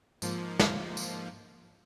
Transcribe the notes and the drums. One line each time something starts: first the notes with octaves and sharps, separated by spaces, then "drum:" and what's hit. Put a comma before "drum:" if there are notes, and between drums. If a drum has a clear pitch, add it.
G#2 F3 A#3, drum: tambourine
drum: snare
drum: tambourine